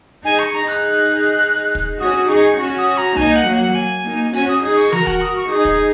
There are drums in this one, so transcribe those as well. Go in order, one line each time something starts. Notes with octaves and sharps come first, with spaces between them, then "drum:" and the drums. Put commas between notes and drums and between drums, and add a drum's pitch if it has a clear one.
D#4 G#4 G#5
C#6
D#4 G#4 A#5
F#6, drum: hi-hat
drum: kick
C#4 F#4 D#6
D#4 G#4 C#6
C#4 F#4
D#6
A#5
A#3 D#4 G#5, drum: tom C2
F#5
F#3 A#3
F#5
G#5
A#3 D#4
C#4 F#4 G#5, drum: hi-hat
D#6
D#4 G#4 D#6
C#6, drum: open hi-hat
F#4 A#4 A#5, drum: tom E3
F#5, drum: kick
D#6
C#6
D#4 G#4 D#6
drum: kick